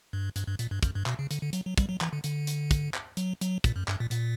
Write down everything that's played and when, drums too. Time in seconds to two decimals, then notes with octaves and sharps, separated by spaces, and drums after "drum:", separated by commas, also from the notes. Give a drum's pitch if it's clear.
0.13 G2
0.36 G2, drum: hi-hat
0.47 G2
0.59 A#2, drum: hi-hat
0.71 G2
0.83 F#2, drum: kick, hi-hat
0.95 G2
1.06 B2, drum: clap
1.19 C#3
1.31 D3, drum: hi-hat
1.42 D3
1.53 F#3, drum: hi-hat
1.66 F#3
1.78 G3, drum: kick, hi-hat
1.89 F#3
2.01 E3, drum: clap
2.13 D3
2.24 D3, drum: hi-hat
2.47 drum: hi-hat
2.71 drum: kick, hi-hat
2.94 drum: clap
3.17 F#3, drum: hi-hat
3.41 F#3, drum: hi-hat
3.64 A#2, drum: kick, hi-hat
3.76 F#2
3.88 G2, drum: clap
4.00 A#2
4.11 A#2, drum: hi-hat